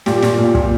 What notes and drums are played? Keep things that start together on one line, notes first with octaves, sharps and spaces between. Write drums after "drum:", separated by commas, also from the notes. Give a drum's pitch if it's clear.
A#2 G4, drum: snare
A#2, drum: snare
A#2
A#2, drum: kick